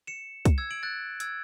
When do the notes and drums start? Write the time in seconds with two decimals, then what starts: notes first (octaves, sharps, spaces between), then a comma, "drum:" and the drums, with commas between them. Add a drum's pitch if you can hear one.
0.07 C#7 E7
0.45 drum: kick C2, hi-hat
0.58 E6 G#6
0.71 D7 F#7
0.83 F#6 A6
1.20 E6 G#6, drum: hi-hat